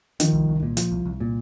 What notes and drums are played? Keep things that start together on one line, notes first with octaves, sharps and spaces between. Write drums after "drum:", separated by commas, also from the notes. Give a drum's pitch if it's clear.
D#3 F3, drum: hi-hat
C2
C2
A#2
F3, drum: hi-hat
C2
C2
A#2